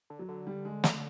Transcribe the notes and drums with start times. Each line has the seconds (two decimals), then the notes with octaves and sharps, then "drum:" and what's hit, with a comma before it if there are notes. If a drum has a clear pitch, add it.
0.10 D3
0.19 F#3
0.29 D3
0.47 G3
0.65 G#3
0.84 A3, drum: snare